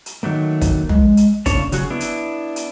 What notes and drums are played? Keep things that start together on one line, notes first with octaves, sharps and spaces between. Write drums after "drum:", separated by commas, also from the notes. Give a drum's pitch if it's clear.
drum: hi-hat
D#3 F#3 A3 A#3
drum: kick, hi-hat
G#3, drum: tom
drum: hi-hat
A2 C#3 A#3 D4 C#5 A5, drum: kick, hi-hat
C#3 F#3 F#4 G#4, drum: hi-hat
B3 D4 E4
drum: hi-hat
drum: hi-hat